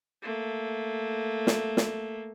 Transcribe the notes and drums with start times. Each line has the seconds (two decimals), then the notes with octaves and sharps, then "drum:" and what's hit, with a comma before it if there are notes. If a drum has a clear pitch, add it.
0.22 A3 A#3
1.47 drum: snare
1.77 drum: snare